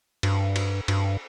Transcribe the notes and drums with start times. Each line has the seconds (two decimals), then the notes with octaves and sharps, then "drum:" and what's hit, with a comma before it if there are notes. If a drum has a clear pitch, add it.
0.23 G2, drum: cymbal
0.56 drum: cymbal
0.88 G2, drum: cymbal